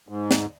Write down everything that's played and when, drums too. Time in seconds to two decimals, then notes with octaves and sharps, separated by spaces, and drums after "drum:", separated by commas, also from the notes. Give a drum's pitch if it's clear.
0.08 G#2
0.31 drum: snare